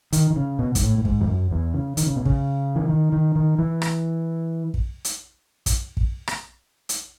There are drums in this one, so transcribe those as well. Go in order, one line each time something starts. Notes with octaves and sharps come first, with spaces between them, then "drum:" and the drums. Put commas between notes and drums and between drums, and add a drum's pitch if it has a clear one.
D#3, drum: hi-hat
D#3
C#3
B2
G#2, drum: kick, hi-hat
A2
A2
G#2, drum: kick
E2
F#2
E2
C#3
D#3, drum: hi-hat
C#3
B2
C#3, drum: kick
E3
D#3
D#3
D#3
E3
drum: rim click
drum: kick
drum: hi-hat
drum: kick, hi-hat
drum: kick
drum: rim click
drum: hi-hat